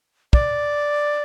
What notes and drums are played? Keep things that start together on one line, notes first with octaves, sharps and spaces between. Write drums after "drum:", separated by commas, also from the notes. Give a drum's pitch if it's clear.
D5, drum: kick